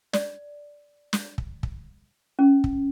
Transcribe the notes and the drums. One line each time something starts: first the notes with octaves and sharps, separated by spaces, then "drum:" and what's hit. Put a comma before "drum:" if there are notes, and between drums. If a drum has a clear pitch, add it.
D5, drum: snare
drum: snare
drum: kick
drum: kick
C#4
drum: kick